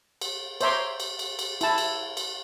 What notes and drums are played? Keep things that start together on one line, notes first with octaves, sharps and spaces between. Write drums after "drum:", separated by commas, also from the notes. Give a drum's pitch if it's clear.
drum: cymbal
C5 C#5 E5 A#5 C6 D6, drum: cymbal
drum: cymbal
drum: cymbal
drum: cymbal
E4 A5, drum: cymbal
drum: cymbal
drum: cymbal